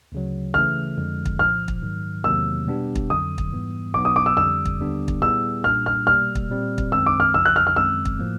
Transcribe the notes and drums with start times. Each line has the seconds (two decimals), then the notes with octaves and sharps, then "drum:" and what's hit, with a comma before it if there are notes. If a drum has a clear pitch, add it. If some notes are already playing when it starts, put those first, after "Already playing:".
0.12 D2 C#3 F#3
0.54 C#3 E3 A3 F6
0.97 F2 D3 F3 G#3
1.26 drum: kick
1.39 C2 A#2 F3 F6
1.68 drum: kick
1.82 G#2 D#3 F#3
2.24 E2 C3 D#3 F#3 A#3 E6
2.67 B2 G3 B3 D4 G4
2.95 drum: kick
3.10 F2 D3 F#3 D#6
3.38 drum: kick
3.52 G#2 E3 G3 B3
3.94 B2 F#3 B3 D#4 D6
4.05 D#6
4.16 D6
4.26 E6
4.37 F2 D3 G3 E6
4.65 drum: kick
4.80 D#2 D3 G3 B3 D4
5.08 drum: kick
5.22 A#2 G3 B3 E4 G#4 E6
5.64 A#2 G3 A#3 D4 F6
5.86 F6
6.07 B2 G3 A#3 F6
6.35 drum: kick
6.49 A#2 G3 C4
6.78 drum: kick
6.92 F#2 D#3 G#3 C4 E6
7.06 D6
7.20 F6
7.34 F2 C#3 F3 E6
7.45 F#6
7.56 F6
7.67 F6
7.76 F#2 D#3 G#3 C4 E6
8.05 drum: kick
8.20 A2 F3 A#3